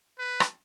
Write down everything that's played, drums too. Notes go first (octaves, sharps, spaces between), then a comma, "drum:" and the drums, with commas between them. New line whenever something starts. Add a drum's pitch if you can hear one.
B4
drum: rim click